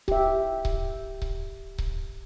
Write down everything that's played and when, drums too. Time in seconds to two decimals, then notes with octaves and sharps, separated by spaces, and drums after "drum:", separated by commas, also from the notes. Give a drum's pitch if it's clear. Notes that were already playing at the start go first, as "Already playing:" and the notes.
0.08 G4 E5, drum: kick C#1
0.65 drum: kick C#1
1.22 drum: kick C#1
1.78 drum: kick C#1